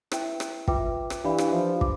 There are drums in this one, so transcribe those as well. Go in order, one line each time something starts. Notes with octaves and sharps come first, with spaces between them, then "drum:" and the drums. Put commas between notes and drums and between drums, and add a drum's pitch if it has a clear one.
E4 B4 E5 G5, drum: rim click
drum: rim click
F4 B4 E5 G5 D6, drum: kick
drum: rim click
E3 D4 G4 D5 F5 B5
drum: rim click
F3
D6, drum: kick